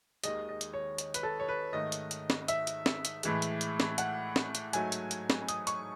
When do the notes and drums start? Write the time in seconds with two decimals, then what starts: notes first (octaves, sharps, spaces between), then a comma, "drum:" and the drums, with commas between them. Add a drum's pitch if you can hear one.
0.24 D#2 D#3 G#3 D#5, drum: hi-hat
0.49 D#5
0.61 drum: hi-hat
0.73 C#5
0.98 drum: hi-hat
1.14 B4, drum: hi-hat
1.23 A4
1.40 C#5
1.48 B4
1.73 G#2 D#3 A3 D#5
1.92 drum: hi-hat
2.11 drum: hi-hat
2.30 drum: snare
2.48 E5, drum: hi-hat
2.67 drum: hi-hat
2.86 drum: snare
3.05 drum: hi-hat
3.23 A2 E3 G#3, drum: hi-hat
3.42 drum: hi-hat
3.61 drum: hi-hat
3.80 drum: snare
3.98 F#5, drum: hi-hat
4.36 drum: snare
4.55 drum: hi-hat
4.73 G#2 F#3 A3 G#5, drum: hi-hat
4.92 drum: hi-hat
5.11 drum: hi-hat
5.30 drum: snare
5.48 D#6, drum: hi-hat
5.67 C#6, drum: hi-hat